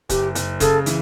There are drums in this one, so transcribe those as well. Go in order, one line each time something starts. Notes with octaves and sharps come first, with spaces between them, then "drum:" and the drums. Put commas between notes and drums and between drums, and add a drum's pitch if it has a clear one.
F#1 G4, drum: kick E1, hi-hat
F#1, drum: hi-hat
C#3 A4, drum: kick E1, hi-hat
E3, drum: hi-hat